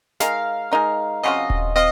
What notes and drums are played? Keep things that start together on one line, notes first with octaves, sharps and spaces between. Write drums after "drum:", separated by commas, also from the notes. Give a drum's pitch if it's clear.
G#3 D#4 A#4 F5, drum: snare
G#3 D#4 A#4
C#3 F#3 C4 F4 D#5
drum: kick D#1
C4 F4 D#5